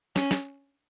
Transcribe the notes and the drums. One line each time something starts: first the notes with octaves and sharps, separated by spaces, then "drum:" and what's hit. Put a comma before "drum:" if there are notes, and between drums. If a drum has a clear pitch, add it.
C#4, drum: snare
drum: snare